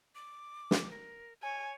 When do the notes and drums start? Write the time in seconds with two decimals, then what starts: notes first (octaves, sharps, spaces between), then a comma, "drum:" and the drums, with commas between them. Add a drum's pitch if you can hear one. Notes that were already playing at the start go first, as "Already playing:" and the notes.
0.15 D6
0.71 drum: snare
0.91 A#4
1.43 C#5 G#5